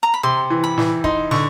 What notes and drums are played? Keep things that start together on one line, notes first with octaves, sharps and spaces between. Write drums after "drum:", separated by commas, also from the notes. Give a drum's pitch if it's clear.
A#5
B5
C3 C6
E3
B5
E3, drum: snare
D#4 C6, drum: kick
D3 C#6, drum: snare